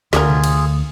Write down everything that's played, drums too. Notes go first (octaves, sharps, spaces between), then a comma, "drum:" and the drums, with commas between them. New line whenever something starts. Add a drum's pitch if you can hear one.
D2 D3 F4 G#4 A#4, drum: snare
drum: tom B2
drum: cymbal